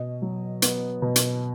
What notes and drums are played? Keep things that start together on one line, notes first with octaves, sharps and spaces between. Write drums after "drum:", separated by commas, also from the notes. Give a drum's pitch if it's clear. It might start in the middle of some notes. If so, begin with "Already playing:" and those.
Already playing: B2 D#5
F#3
B3, drum: hi-hat
B2
drum: hi-hat